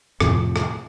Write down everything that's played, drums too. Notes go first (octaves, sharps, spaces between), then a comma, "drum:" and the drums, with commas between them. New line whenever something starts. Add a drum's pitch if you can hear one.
F2 A2 C3 F3, drum: rim click
drum: rim click